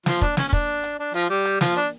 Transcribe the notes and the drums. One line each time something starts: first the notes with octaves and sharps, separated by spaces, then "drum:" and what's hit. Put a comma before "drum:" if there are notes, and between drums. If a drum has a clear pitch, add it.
F3 F4, drum: snare
D4, drum: kick, hi-hat
C#4, drum: snare
C#4
D4, drum: kick, hi-hat
drum: hi-hat
D4
F3 F4, drum: hi-hat
G3 G4
drum: hi-hat
F3 F4, drum: snare
D4, drum: hi-hat